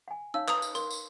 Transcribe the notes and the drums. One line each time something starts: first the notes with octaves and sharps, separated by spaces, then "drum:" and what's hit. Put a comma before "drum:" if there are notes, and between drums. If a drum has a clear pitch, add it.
F#5 G#5
D#4 C#5 F5 E6
B4 A#5 D#6, drum: clap
drum: tambourine
A#4 C6, drum: tambourine
drum: tambourine